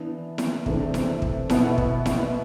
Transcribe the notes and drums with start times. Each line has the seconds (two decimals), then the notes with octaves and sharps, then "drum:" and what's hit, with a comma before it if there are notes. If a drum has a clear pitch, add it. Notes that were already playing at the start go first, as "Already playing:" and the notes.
Already playing: E3 B3 D4
0.38 drum: snare E4
0.66 C3 E3 A3 D4, drum: kick
0.94 drum: snare E4
1.22 drum: kick
1.50 B2 B3 E4, drum: snare E4
1.78 drum: kick
2.06 drum: snare E4